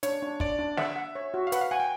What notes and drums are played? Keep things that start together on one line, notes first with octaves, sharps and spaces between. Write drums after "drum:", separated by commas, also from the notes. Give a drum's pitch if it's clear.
D4 C#5, drum: hi-hat
D4
D4 D5, drum: kick
D4
E5 F#5, drum: snare
F#5
C#5
F#4
F5
B4 F#5, drum: hi-hat
F5
F#5 G#5
G5